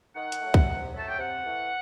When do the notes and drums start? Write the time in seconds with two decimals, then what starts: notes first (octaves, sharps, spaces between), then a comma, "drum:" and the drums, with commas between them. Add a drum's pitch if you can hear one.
0.15 D#3 F#5
0.32 drum: hi-hat
0.42 F#3 A3
0.54 drum: kick
0.67 C3
0.93 F#3 A3 A5
1.08 G5
1.19 C3 F#5
1.45 E3 A3